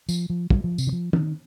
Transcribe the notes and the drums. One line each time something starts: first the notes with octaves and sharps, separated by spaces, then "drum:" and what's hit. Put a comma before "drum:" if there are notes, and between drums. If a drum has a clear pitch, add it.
F3, drum: tambourine
F3
G3, drum: kick
F3
C3, drum: tambourine
D#3
F3
D#3, drum: tom